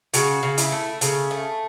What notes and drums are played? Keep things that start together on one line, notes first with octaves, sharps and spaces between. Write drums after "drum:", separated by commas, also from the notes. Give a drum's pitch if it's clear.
C#3 F#4, drum: hi-hat
C#3
E4, drum: hi-hat
A3
C#3 A3, drum: hi-hat
A3